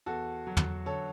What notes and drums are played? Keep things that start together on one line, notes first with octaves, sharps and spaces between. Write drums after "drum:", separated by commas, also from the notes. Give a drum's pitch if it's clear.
E2 F#4 A4
F#3
drum: tom
D3 A4 C#5